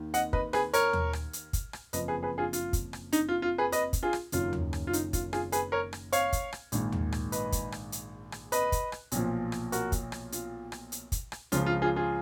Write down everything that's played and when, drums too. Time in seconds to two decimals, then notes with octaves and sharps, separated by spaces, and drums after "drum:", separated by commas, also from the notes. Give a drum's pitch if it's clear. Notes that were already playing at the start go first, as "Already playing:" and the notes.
Already playing: D#2 D#3
0.14 D#5 F#5, drum: hi-hat
0.33 B4 D#5, drum: kick
0.53 G#4 B4, drum: rim click
0.73 A#4 C#5, drum: hi-hat
0.93 drum: tom D#2
1.13 drum: rim click
1.33 drum: hi-hat
1.53 drum: kick, hi-hat
1.73 drum: rim click
1.93 F#1 F2 F3 B4 D#5, drum: hi-hat
2.08 G#4 B4
2.23 G#4 B4
2.38 F4 G#4
2.53 F4, drum: hi-hat
2.73 drum: kick, hi-hat
2.93 drum: rim click
3.13 D#4, drum: hi-hat
3.29 F4
3.42 F4
3.58 G#4 B4
3.72 B4 D#5, drum: hi-hat
3.93 drum: kick, hi-hat
4.03 F4 G#4
4.13 drum: rim click
4.32 F#1 F#2 D#3 F4, drum: hi-hat
4.53 drum: tom D#2
4.73 drum: rim click
4.87 F4
4.93 D#4, drum: hi-hat
5.13 F4, drum: kick, hi-hat
5.33 F4 G#4, drum: rim click
5.52 G#4 B4, drum: hi-hat
5.72 A#4 C#5
5.93 drum: rim click
6.12 C#5 F5, drum: hi-hat
6.33 drum: kick, hi-hat
6.52 drum: rim click
6.72 A#1 G#2 D#3, drum: hi-hat
6.92 drum: tom D#2
7.12 drum: rim click
7.32 B4 D#5, drum: hi-hat
7.52 drum: kick, hi-hat
7.72 drum: rim click
7.92 drum: hi-hat
8.32 drum: rim click
8.52 B4 D#5, drum: hi-hat
8.72 drum: kick, hi-hat
8.92 drum: rim click
9.12 B1 A#2 F3, drum: hi-hat
9.52 drum: rim click
9.72 F#4 A#4, drum: hi-hat
9.92 drum: kick, hi-hat
10.12 drum: rim click
10.32 F4, drum: hi-hat
10.72 drum: rim click
10.92 drum: hi-hat
11.12 drum: kick, hi-hat
11.32 drum: rim click
11.52 C#2 C#3 F3 F4, drum: hi-hat
11.66 F4
11.82 F4 G#4
11.96 F4 G#4